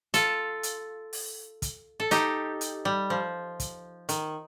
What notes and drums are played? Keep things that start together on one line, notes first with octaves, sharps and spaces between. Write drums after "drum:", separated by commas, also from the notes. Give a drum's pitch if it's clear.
F4 A4, drum: hi-hat
drum: hi-hat
drum: open hi-hat
drum: kick, hi-hat
A4
D#4 G4, drum: hi-hat
drum: hi-hat
G3
F3
drum: kick, hi-hat
D#3, drum: hi-hat